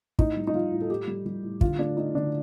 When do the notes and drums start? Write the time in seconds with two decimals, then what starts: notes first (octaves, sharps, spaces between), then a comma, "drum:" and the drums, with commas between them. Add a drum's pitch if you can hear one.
0.19 A2 D#4, drum: kick
0.37 G3
0.47 D#4
0.54 G3 F4
0.72 A2
0.82 A4
0.89 A2 G4
1.08 G3
1.26 G3
1.43 A2
1.61 D3 F4, drum: kick
1.79 A3 D4
1.97 A3 D#4
2.15 D3 D4